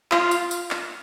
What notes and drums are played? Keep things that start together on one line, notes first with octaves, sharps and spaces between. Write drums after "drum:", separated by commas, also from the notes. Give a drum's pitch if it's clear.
F4, drum: clap
drum: tambourine
drum: tambourine
drum: clap